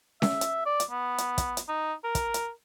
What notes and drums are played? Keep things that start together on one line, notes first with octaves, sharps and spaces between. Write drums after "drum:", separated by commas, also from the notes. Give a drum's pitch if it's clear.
E5, drum: snare C#4
drum: hi-hat
D5
drum: hi-hat
B3
drum: hi-hat
drum: kick, hi-hat
drum: hi-hat
D#4
A#4
drum: kick, hi-hat
drum: hi-hat